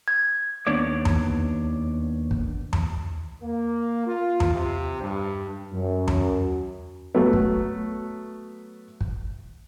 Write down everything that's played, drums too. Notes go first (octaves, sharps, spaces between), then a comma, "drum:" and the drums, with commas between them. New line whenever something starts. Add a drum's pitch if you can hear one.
G#6
D#2 B3 D4 C#5 D5
drum: tom E2
drum: kick
drum: tom E2
A#3
F4
drum: tom E2
C3
G2
F#2
drum: tom E2
F#3 A3 B3
drum: kick
drum: kick